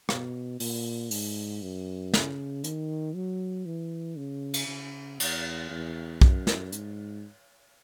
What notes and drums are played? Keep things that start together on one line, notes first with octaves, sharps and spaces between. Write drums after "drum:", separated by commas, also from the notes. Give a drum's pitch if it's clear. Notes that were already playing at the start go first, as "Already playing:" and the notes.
B2, drum: rim click
A#2, drum: open hi-hat
G#2, drum: open hi-hat
F#2
C#3, drum: snare
D#3, drum: hi-hat
F#3
E3
C#3
drum: cymbal
C#3
E2, drum: cymbal
E2
F#2, drum: kick
drum: snare
G#2, drum: hi-hat